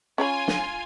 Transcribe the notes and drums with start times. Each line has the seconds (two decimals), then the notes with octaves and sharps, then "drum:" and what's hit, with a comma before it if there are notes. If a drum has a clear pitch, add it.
0.18 C#4 F4 C#5 G#5 B5
0.48 drum: snare